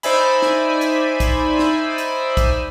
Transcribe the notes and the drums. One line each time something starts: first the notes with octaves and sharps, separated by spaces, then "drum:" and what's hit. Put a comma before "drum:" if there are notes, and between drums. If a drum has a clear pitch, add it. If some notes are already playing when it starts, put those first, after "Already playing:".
D#4 C5 D5 E5 G#5 B5, drum: hi-hat
drum: snare
drum: hi-hat
drum: kick, hi-hat
drum: snare
drum: hi-hat
drum: kick, hi-hat